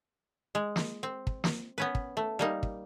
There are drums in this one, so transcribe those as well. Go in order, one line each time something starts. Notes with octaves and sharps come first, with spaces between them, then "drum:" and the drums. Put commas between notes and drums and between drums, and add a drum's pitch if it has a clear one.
G#3
drum: snare
C4
drum: kick
drum: snare
B3 C#4 B4
drum: kick
A3
G3 A#3 D#4
drum: kick